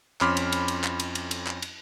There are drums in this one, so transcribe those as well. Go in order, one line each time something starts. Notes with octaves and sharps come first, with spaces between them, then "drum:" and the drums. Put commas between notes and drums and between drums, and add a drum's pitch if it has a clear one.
F2 C#4 B5 C6 D6 F6, drum: clap
drum: cymbal
drum: cymbal
drum: cymbal
drum: clap
drum: cymbal
drum: cymbal
drum: cymbal
drum: clap
drum: cymbal